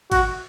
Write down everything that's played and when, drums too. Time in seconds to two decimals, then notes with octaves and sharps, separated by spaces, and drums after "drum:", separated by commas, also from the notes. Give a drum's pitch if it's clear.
0.12 F#4, drum: kick G#1, cymbal